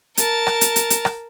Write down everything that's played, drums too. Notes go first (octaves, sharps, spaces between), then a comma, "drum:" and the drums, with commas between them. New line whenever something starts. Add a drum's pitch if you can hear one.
A#4 A5, drum: hi-hat
drum: rim click
drum: hi-hat
drum: hi-hat
drum: hi-hat
drum: rim click